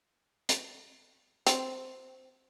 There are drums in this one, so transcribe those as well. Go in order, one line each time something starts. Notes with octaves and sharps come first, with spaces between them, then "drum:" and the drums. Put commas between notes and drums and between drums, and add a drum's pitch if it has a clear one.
drum: hi-hat
C4, drum: hi-hat